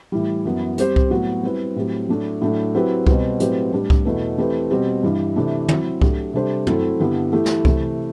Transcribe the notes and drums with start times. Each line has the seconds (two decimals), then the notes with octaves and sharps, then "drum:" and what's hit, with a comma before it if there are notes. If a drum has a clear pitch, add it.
0.12 A2 E3 G3
0.45 F#2 E3 B3
0.78 G3 C4 G4 C5, drum: hi-hat
0.96 drum: kick C2
1.11 A2 F#3 B3 F#4
1.43 G3 C4 E4 B4
1.76 A2 F#3 C4 G4
2.09 A2 F#3 A3 D4
2.42 A2 F#3 A3 D4
2.75 F#3 C4 E4 G4 B4
3.07 B2 G3 C4 F#4 B4, drum: kick C2
3.40 A2 F#3 C4 G4 B4, drum: hi-hat
3.72 A2 G3 D4 G4
3.90 drum: kick C2
4.05 E2 B2 A3 E4 B4
4.38 E3 A3 C4 G4 B4
4.70 B2 G3 C4 G4
5.03 G2 E3 G3
5.36 C3 E3 A3 D4
5.68 F#3 C4 E4, drum: tom
6.01 F#3 A3 D4 G4, drum: kick C2
6.34 C3 G3 D4 A4 C5
6.67 F#3 A3 C4 E4 A4, drum: tom
6.99 G2 D3 G3 B3 E4
7.32 E3 A3 E4 G4
7.46 drum: snare
7.65 C3 E3 A3 E4, drum: kick C2